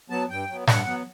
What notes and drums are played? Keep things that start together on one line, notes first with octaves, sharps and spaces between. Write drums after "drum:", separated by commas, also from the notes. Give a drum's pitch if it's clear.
F#3 B3 A5
G2 G5
F#3 B3
G2 F#5, drum: snare
F#3 B3